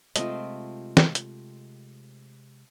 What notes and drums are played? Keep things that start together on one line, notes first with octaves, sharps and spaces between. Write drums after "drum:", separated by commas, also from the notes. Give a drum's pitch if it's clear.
C3 G#3 A3 C4 F4 D#5, drum: hi-hat
drum: snare
drum: hi-hat